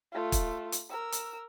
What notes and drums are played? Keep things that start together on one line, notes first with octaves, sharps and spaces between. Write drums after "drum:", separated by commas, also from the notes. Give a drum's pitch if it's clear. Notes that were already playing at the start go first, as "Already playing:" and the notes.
A3 F4
drum: kick, hi-hat
drum: hi-hat
A#4 E6
drum: hi-hat